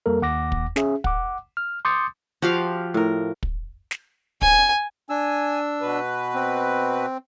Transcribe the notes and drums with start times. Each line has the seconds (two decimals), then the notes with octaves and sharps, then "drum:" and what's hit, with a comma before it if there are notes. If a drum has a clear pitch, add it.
0.06 F2 G3 A#3 A4 A#4
0.22 D#2 F#5 D6 A#6
0.52 drum: kick
0.76 C#4 G#4 E5, drum: snare
1.04 F#5 D6, drum: kick
1.57 F6
1.85 C6 D6 D#6 G6 A6 C#7
2.42 F3 F#4 G4 F5
2.94 A2 A#4
3.43 drum: kick
3.91 drum: snare
4.42 G#5, drum: kick
5.10 D4 G#5 E6
5.81 B2 B4
6.35 C4